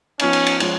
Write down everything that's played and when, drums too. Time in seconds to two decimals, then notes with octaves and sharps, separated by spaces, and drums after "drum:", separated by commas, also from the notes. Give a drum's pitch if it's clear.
0.19 F3 B3 C#4 D#4, drum: cymbal
0.33 drum: cymbal
0.47 drum: cymbal
0.60 F3 G#3 C#4, drum: cymbal